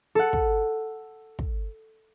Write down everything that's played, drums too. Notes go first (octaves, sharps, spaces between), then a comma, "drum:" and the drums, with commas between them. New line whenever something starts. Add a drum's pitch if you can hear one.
A4 F#5
drum: kick
drum: kick